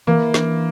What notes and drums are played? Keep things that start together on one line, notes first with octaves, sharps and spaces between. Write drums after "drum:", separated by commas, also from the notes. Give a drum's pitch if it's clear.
E3 A#3
D4, drum: snare